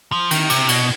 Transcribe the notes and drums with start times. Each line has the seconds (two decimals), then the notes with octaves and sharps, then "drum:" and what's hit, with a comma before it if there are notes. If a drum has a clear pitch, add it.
0.12 F3
0.31 D#3, drum: cymbal
0.50 C3, drum: cymbal
0.69 B2, drum: cymbal